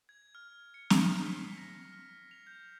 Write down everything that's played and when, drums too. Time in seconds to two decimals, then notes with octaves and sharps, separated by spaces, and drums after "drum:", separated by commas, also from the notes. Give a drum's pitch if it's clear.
0.09 G#6
0.35 F6
0.74 C#7
0.90 C7, drum: snare C4
1.25 B6
1.57 A#6
1.93 F6
2.31 F7
2.47 G6